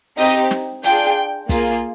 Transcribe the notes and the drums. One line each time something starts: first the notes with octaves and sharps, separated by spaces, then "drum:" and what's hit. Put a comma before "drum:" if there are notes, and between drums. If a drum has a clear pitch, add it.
C4 D#4 G4 D#5, drum: open hi-hat
drum: snare
D4 F4 G#4 G5, drum: hi-hat
A#3 F4 G#4, drum: kick, hi-hat